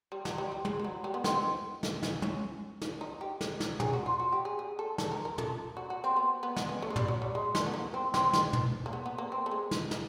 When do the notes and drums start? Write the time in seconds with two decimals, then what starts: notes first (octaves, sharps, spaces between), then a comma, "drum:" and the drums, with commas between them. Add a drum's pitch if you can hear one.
0.12 G3
0.25 F#3, drum: snare
0.38 G3
0.52 G3
0.65 G#3, drum: tom
0.79 G3
0.84 F#3
1.04 G3
1.14 B3
1.24 C4, drum: snare
1.83 drum: snare
2.03 drum: snare
2.22 C#4, drum: tom
2.81 drum: snare
3.01 D#4
3.21 G4
3.41 drum: snare
3.60 drum: snare
3.80 G#4, drum: tom
3.93 F#4
4.06 F4
4.19 F#4
4.32 G4
4.45 G#4
4.59 G#4
4.79 A4
4.98 A4, drum: snare
5.12 A#4
5.25 A#4
5.38 A4, drum: tom
5.77 F#4
5.90 F#4
6.04 C4
6.16 B3
6.43 B3
6.56 B3, drum: snare
6.69 C#4
6.82 A3
6.90 G#3
6.96 G3, drum: tom
7.08 F#3
7.22 G3
7.35 G#3
7.55 A3, drum: snare
7.66 B3
7.74 A#3
7.94 C4
8.14 C4, drum: snare
8.33 drum: snare
8.53 drum: tom
8.86 A#3
8.93 B3
9.06 B3
9.18 A#3
9.32 C4
9.46 A3
9.51 G#3
9.71 drum: snare
9.91 drum: snare